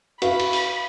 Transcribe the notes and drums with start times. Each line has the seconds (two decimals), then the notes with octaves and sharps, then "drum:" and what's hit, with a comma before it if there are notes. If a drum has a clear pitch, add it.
0.22 F#4 B4 E5 F5 B5, drum: hi-hat
0.40 drum: cymbal
0.53 drum: open hi-hat